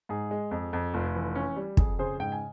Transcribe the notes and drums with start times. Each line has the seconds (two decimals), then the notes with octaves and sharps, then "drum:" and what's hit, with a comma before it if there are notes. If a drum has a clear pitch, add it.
0.09 G#2 G#4
0.31 G#3
0.51 F2
0.73 F2
0.94 F1
1.15 E3
1.35 C#4
1.56 G3
1.77 F2 G#4, drum: kick
1.99 C#3 G#4 C5
2.20 G#2 G5
2.32 G#5